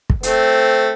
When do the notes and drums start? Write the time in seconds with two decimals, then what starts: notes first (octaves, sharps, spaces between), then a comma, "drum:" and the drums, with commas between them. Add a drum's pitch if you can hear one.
0.10 drum: kick
0.23 A3 C4, drum: hi-hat